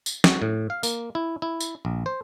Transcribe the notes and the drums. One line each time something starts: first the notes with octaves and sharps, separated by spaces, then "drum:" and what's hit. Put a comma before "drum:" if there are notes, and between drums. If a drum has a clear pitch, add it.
drum: tambourine
F#4, drum: snare
A2
F5
A#3, drum: tambourine
E4
E4
drum: tambourine
A#1
C5